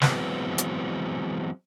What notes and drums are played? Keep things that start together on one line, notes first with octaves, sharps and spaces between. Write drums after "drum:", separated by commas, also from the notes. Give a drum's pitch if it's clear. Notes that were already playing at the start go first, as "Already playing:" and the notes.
E3 F#3 G#3 B3 C4, drum: snare
drum: hi-hat